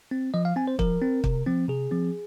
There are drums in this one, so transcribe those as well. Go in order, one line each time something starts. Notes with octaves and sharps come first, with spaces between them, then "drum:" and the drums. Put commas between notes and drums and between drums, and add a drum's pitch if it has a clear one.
C4
F3 D#5
F5
C4 G#5
C5
F3 A#4, drum: kick
C4
C3, drum: kick
F3 C4
C3 G#4
F3 C4